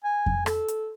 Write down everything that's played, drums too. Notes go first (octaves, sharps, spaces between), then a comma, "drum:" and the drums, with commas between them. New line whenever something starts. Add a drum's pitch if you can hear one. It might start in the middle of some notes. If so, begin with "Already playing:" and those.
G#5
drum: kick F2
A4, drum: rim click
drum: hi-hat